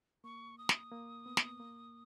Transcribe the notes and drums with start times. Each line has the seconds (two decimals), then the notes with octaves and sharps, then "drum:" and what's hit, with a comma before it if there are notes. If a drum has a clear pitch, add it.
0.24 A#3 C#6
0.58 D#6
0.69 drum: snare
0.91 A#3
1.26 B3
1.37 drum: snare
1.60 A#3